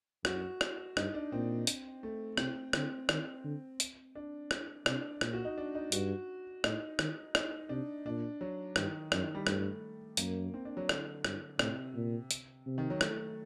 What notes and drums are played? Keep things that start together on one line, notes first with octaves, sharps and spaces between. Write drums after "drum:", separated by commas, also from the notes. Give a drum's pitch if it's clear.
F#2 F#4, drum: rim click
drum: rim click
G2 D#4, drum: rim click
D4
A#2 C4
drum: hi-hat
A3
C3 C4, drum: rim click
D3 C4, drum: rim click
D#3, drum: rim click
D3
drum: hi-hat
D4
drum: rim click
C3 D4, drum: rim click
A#2, drum: rim click
F#4
D#4
D4
D#4
G2 F#4, drum: hi-hat
A2 D#4, drum: rim click
D#3, drum: rim click
D#4, drum: rim click
C3 D4
A#2 D4
F#3
G2 D#3, drum: rim click
F#2 D#3, drum: rim click
D#3
G3
G2 A3, drum: rim click
F#2 A#3, drum: hi-hat
C4
D4
F#3
D3, drum: rim click
G2, drum: rim click
A2 C3, drum: rim click
A#2
drum: hi-hat
C3
D#3
F#3
A3, drum: rim click